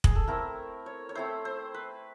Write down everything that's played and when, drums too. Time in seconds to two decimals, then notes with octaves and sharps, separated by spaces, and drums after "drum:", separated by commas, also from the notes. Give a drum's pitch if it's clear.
0.04 G#4, drum: kick
0.15 A4
0.28 A3 C4 E4 A#4
0.86 C#5
1.09 C#5
1.15 A3 C4 E4 C5
1.45 C5
1.74 B4